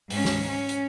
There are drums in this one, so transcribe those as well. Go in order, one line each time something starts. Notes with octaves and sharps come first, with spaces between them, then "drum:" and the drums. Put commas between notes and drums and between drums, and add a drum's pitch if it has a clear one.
G#2 C#4, drum: open hi-hat
drum: snare
C#4
drum: hi-hat